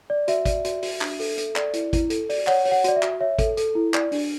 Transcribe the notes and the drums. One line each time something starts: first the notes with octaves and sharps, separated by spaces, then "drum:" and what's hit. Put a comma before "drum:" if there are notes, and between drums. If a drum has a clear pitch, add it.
D5
F#4 E5, drum: hi-hat
D5, drum: kick, hi-hat
F#4, drum: hi-hat
F#4, drum: open hi-hat
D4, drum: clap
A4, drum: open hi-hat
A4, drum: hi-hat
D5, drum: clap
E4, drum: hi-hat
E4, drum: kick, hi-hat
A4, drum: hi-hat
D5, drum: open hi-hat
C#5 F#5, drum: clap
C#5, drum: open hi-hat
F#5
F#4 D5, drum: hi-hat
E5
F#4, drum: clap
C#5 E5
A4, drum: kick, hi-hat
A4, drum: hi-hat
E4
D5, drum: clap
D4, drum: open hi-hat